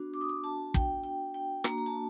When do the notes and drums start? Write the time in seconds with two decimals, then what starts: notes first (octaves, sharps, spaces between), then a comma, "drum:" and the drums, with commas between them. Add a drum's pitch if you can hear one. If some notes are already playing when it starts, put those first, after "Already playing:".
Already playing: B3 D4 F#4
0.14 D6
0.21 D#6
0.29 D6
0.44 A5
0.74 G5, drum: kick
1.04 G5
1.34 G5
1.64 A#3 D4 F#4 A#5, drum: rim click
1.78 A#5
1.86 A5